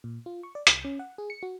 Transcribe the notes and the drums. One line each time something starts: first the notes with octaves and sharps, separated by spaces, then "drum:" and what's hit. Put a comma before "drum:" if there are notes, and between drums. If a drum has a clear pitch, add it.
A#2
F4
C#6
D5
C2, drum: hi-hat
C#4
F#5
G#4
C#7
F#4